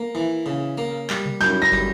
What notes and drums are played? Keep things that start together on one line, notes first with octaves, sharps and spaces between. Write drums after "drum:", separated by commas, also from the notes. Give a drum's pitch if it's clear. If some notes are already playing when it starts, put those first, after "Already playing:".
Already playing: A#3
E3
C#3
A#3
G3, drum: clap
drum: tom B2
F#2 G6, drum: snare
A#6
G3, drum: kick